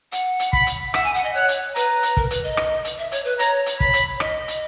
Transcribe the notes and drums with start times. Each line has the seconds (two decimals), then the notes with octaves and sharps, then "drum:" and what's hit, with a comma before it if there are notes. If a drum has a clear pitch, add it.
0.12 F#5, drum: hi-hat
0.39 drum: hi-hat
0.53 B5, drum: kick
0.67 drum: hi-hat
0.94 E5 F#5, drum: rim click
1.04 G#5
1.14 F#5
1.24 D#5
1.34 C#5 F#5
1.48 drum: hi-hat
1.76 B4 A#5, drum: hi-hat
2.03 drum: hi-hat
2.17 A#4, drum: kick
2.31 B4, drum: hi-hat
2.44 D#5
2.57 drum: rim click
2.85 drum: hi-hat
2.98 E5
3.12 C#5, drum: hi-hat
3.25 B4
3.39 C#5 A#5, drum: hi-hat
3.66 drum: hi-hat
3.80 B5, drum: kick
3.93 drum: hi-hat
4.20 D#5, drum: rim click
4.48 drum: hi-hat